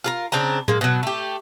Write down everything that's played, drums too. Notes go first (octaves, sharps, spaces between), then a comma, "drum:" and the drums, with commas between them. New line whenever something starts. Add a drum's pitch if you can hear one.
F4 G#4 A#4
C#3 C4 D4 A#5
G#3 A#3, drum: tom A2
B2 F#3
A3 G4